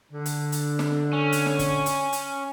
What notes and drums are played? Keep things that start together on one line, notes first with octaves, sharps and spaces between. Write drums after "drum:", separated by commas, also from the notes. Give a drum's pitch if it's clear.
D3
drum: hi-hat
drum: hi-hat
drum: snare
C#4
drum: hi-hat
drum: snare
drum: kick, hi-hat
drum: hi-hat
drum: hi-hat